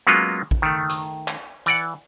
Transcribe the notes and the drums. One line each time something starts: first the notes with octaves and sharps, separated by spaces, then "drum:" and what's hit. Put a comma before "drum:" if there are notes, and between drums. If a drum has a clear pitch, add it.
F#3 G#3 A#3 B3 C#4 F4
drum: kick
D#3 A3
drum: hi-hat
drum: clap
E3 D5 F#5, drum: hi-hat